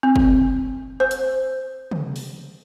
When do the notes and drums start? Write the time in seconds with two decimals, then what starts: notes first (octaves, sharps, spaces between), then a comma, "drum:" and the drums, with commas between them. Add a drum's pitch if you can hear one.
0.03 C4
0.16 drum: kick
1.00 C5
1.11 drum: hi-hat
1.91 drum: tom
2.16 drum: open hi-hat